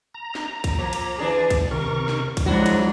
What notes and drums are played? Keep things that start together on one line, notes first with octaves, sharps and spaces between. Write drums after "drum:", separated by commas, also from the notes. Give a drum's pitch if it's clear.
A#5
drum: snare
drum: kick, cymbal
F3 A#3
drum: cymbal
E3 D4 G#4
drum: kick, cymbal
C3 D#3 A#4 C#6
drum: snare
drum: kick, cymbal
G#2 F3 F#3 G#3 D4 E4 F#4
drum: cymbal